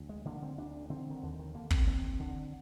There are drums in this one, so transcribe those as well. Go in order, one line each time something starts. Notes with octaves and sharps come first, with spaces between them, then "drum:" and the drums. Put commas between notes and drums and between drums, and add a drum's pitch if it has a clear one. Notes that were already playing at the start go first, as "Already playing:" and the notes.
Already playing: D2
G#3
D3 A#3
C4
D2 D4
D3 C4
D#3
D#2 D3
D#3
D3 A#3
C4, drum: kick
D#2 C4
D3